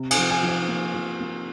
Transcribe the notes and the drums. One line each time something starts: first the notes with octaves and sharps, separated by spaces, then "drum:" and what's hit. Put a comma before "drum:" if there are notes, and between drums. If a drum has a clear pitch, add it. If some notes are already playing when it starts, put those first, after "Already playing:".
Already playing: C3
G#5, drum: cymbal
F3
G#5
F3
G#5
A#3
F3
A#3